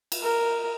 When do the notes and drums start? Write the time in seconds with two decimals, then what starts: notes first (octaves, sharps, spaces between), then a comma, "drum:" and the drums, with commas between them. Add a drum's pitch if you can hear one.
0.12 drum: cymbal
0.22 A#4